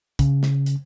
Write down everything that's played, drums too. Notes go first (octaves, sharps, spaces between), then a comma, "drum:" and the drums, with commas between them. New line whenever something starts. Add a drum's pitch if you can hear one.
C#3, drum: kick, hi-hat
drum: snare
drum: hi-hat